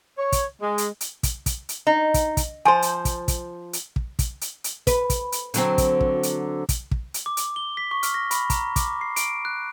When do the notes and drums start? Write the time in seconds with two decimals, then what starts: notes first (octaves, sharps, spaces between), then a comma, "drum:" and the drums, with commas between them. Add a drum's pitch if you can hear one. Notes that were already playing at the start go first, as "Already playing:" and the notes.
0.18 C#5
0.32 drum: kick, hi-hat
0.62 G#3
0.78 drum: hi-hat
1.01 drum: hi-hat
1.23 drum: kick, hi-hat
1.46 drum: kick, hi-hat
1.69 drum: hi-hat
1.87 D#4
2.14 drum: kick, hi-hat
2.37 drum: kick, hi-hat
2.65 F3 C5 G#5 C6
2.82 drum: hi-hat
3.05 drum: kick, hi-hat
3.28 drum: kick, hi-hat
3.73 drum: hi-hat
3.96 drum: kick
4.19 drum: kick, hi-hat
4.41 drum: hi-hat
4.64 drum: hi-hat
4.87 B4, drum: kick, hi-hat
5.10 drum: kick, hi-hat
5.32 drum: hi-hat
5.54 D3 F#3 C4, drum: hi-hat
5.78 drum: kick, hi-hat
6.01 drum: kick
6.23 drum: hi-hat
6.69 drum: kick, hi-hat
6.91 drum: kick
7.14 drum: hi-hat
7.26 D6
7.37 drum: hi-hat
7.56 G7
7.77 B6
7.91 C#6
8.03 F6, drum: hi-hat
8.14 A#6
8.31 B5, drum: hi-hat
8.50 A#5, drum: kick, hi-hat
8.76 D6, drum: kick, hi-hat
9.01 C7
9.16 D7, drum: hi-hat
9.45 F#6